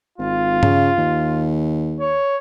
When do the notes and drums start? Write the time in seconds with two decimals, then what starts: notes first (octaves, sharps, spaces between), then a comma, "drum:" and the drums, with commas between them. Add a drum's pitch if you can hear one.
0.18 G#1 F4
0.63 C#3, drum: tom G2
0.98 D#2
2.00 C#5